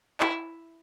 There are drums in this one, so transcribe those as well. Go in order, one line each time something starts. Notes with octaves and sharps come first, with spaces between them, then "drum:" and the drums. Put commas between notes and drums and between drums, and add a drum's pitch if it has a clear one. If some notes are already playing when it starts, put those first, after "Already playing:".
E4, drum: clap